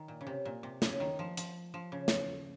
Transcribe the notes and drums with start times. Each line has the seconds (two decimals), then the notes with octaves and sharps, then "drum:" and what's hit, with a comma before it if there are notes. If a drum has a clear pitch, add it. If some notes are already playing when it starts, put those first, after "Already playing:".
Already playing: D#3
0.08 A#2
0.21 C#3
0.27 C3
0.45 A#2
0.63 C3
0.82 C#3, drum: snare
1.00 D#3
1.19 F3
1.37 F3, drum: hi-hat
1.74 F3
1.92 C#3
2.08 drum: snare